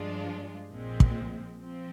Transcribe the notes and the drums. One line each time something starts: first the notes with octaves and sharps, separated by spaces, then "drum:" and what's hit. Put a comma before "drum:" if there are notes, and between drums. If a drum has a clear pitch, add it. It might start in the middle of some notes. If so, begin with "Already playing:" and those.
Already playing: G2 F3 G#3 D4 F4
A#1 A#2 F3 G#3 C4
drum: kick
F3 C4